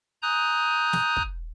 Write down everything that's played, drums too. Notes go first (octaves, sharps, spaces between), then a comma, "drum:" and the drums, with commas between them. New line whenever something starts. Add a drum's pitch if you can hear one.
G#5 A#5 D#6 F#6 G6
drum: snare
drum: kick